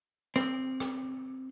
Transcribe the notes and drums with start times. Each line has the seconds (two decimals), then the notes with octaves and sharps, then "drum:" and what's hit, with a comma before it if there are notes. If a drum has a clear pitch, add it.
0.36 C4, drum: rim click
0.80 drum: rim click